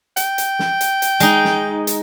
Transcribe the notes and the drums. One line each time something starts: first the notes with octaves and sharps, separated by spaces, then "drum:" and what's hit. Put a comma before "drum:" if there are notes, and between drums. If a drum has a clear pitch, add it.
G5, drum: hi-hat
drum: hi-hat
drum: snare
drum: hi-hat
drum: hi-hat
G#3 D#4, drum: hi-hat
drum: snare
drum: hi-hat